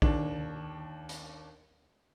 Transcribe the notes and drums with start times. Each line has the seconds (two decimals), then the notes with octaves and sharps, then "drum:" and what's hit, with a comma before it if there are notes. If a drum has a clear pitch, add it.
0.02 D#2 D4, drum: kick A#1
1.09 drum: hi-hat